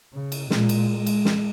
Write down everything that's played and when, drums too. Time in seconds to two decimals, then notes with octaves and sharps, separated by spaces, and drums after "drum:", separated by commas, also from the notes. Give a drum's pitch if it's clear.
0.13 C#3
0.32 drum: cymbal
0.50 A#2 G#3, drum: snare
0.69 drum: cymbal
0.94 G#3
1.07 drum: cymbal
1.25 drum: snare